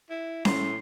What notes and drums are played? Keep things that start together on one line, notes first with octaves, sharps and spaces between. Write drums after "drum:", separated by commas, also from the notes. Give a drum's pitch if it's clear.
E4
A2 C6, drum: snare C#4